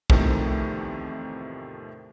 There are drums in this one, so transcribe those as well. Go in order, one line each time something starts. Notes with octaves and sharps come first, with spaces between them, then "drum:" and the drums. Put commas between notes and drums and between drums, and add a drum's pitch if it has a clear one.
E2 A2 C3 D#3 F3 A3, drum: kick C2